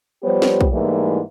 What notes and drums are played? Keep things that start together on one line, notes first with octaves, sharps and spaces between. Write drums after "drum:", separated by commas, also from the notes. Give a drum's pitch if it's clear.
F3 G3 B3 G4 C5 C#5
drum: snare
drum: kick
G#2 E3 G3 A3 A#3 E4